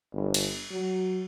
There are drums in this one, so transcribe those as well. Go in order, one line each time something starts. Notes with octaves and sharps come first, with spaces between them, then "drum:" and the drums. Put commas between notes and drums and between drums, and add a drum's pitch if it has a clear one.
G1
drum: cymbal
F#3